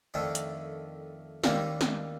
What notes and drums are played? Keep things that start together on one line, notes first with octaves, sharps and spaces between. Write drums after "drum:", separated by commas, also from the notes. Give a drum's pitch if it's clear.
F2 D#3 A3 D4
drum: hi-hat
D#2 D#3 G3 A#3 D#4, drum: snare
drum: snare